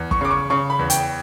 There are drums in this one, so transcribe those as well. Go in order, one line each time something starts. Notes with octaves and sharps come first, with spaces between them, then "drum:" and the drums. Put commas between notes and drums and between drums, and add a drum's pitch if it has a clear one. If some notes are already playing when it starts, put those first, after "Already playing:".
Already playing: E2
C#6, drum: kick
C#3 D6
C#6
C#3 C#6
B5
E2
G5, drum: hi-hat